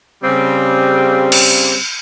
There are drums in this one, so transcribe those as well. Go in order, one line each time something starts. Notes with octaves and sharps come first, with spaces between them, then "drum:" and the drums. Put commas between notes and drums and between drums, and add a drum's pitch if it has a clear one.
C#3 G3 C4
drum: cymbal